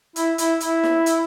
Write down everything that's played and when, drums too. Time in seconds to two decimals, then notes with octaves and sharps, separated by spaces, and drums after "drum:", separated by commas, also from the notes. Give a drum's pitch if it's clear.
0.16 E4, drum: hi-hat
0.38 E4, drum: hi-hat
0.60 E4, drum: hi-hat
0.83 drum: snare
1.06 drum: hi-hat